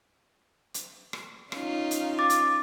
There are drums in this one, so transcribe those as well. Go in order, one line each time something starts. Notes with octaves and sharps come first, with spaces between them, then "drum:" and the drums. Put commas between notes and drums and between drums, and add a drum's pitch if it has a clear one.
drum: hi-hat
drum: rim click
C#4 D#4 F4, drum: rim click
drum: hi-hat
D6 A6
drum: hi-hat